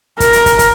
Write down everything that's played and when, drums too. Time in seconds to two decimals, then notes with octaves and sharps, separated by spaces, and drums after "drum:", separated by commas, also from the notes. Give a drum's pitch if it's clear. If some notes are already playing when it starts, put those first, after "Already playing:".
0.20 A#4, drum: kick, hi-hat
0.33 drum: hi-hat
0.46 drum: kick, hi-hat
0.59 drum: kick, hi-hat